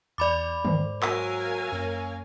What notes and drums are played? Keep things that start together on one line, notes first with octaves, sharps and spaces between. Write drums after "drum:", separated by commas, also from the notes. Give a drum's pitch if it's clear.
E2 D5 B5 D6 A6 C#7
G#2 C5, drum: tom
F#3 A#4 F5 G#5 E6, drum: clap
F#2 A#3 C#4